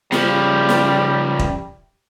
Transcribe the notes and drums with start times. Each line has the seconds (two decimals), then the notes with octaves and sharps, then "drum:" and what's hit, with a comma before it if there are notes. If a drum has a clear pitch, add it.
0.12 C#3 F3 G3, drum: snare
0.69 drum: snare
1.39 drum: kick E1